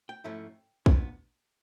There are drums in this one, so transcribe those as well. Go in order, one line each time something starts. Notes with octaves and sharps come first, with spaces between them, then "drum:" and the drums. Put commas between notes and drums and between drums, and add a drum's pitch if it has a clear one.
G5
G#2 F3 A3 C#4 E4
A#2 F#3 B3 D4 G#5, drum: kick